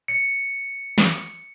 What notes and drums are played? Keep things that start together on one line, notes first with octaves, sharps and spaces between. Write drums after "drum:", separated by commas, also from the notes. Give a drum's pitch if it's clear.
C#7
drum: snare